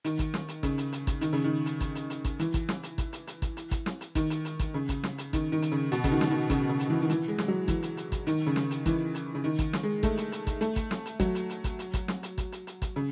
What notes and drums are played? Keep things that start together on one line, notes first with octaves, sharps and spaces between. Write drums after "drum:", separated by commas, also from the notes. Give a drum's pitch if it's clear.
D#3, drum: hi-hat
drum: kick G#1, hi-hat
drum: snare
drum: hi-hat
C#3, drum: kick G#1, hi-hat
drum: hi-hat
drum: hi-hat
drum: kick G#1, hi-hat
D#3, drum: hi-hat
C#3
D#3
drum: hi-hat
drum: kick G#1, hi-hat
drum: hi-hat
drum: hi-hat
drum: kick G#1, hi-hat
E3, drum: hi-hat
drum: kick G#1, hi-hat
drum: snare
drum: hi-hat
drum: kick G#1, hi-hat
drum: hi-hat
drum: hi-hat
drum: kick G#1, hi-hat
drum: hi-hat
drum: kick G#1, hi-hat
drum: snare
drum: hi-hat
D#3, drum: kick G#1, hi-hat
drum: hi-hat
drum: hi-hat
drum: kick G#1, hi-hat
C#3
drum: kick G#1, hi-hat
drum: snare
drum: hi-hat
D#3, drum: kick G#1, hi-hat
D#3
drum: hi-hat
C#3
B2, drum: hi-hat
C#3, drum: kick G#1, hi-hat
D#3
drum: snare
D#3
C#3, drum: kick G#1, hi-hat
C#3
drum: hi-hat
E3
D#3
E3, drum: hi-hat
G#3
drum: snare
F#3
E3, drum: kick G#1, hi-hat
drum: hi-hat
drum: hi-hat
drum: kick G#1, hi-hat
D#3, drum: hi-hat
C#3
drum: snare
drum: hi-hat
E3, drum: kick G#1, hi-hat
drum: hi-hat
C#3
D#3
drum: kick G#1, hi-hat
drum: snare
G#3
A3, drum: kick G#1, hi-hat
drum: hi-hat
drum: hi-hat
drum: kick G#1, hi-hat
A3, drum: hi-hat
drum: kick G#1, hi-hat
drum: snare
drum: hi-hat
F#3, drum: kick G#1, hi-hat
drum: hi-hat
drum: hi-hat
drum: kick G#1, hi-hat
drum: hi-hat
drum: kick G#1, hi-hat
drum: snare
drum: hi-hat
drum: kick G#1, hi-hat
drum: hi-hat
drum: hi-hat
drum: kick G#1, hi-hat
C#3